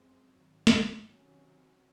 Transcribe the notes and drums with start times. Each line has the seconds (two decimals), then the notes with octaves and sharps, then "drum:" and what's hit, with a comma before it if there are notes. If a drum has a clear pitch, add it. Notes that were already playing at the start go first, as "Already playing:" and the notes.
Already playing: F#2 F3 G#3 C4
0.28 G#2 D#3 F#3
0.67 drum: snare
1.06 C3 D#3 F#3 C#4